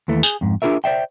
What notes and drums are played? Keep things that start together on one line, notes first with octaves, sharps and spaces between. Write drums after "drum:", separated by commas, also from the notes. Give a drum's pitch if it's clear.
D#2 E3 A3
G#4, drum: tambourine
F2 G#2
D4 F4 G#4 A#4 E5
C5 D5 E5 G5